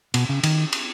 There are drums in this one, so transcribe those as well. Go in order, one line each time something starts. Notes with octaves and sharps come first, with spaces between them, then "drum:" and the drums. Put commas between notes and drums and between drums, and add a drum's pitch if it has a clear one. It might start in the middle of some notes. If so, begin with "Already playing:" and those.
B2, drum: cymbal
C#3
D#3, drum: cymbal
drum: cymbal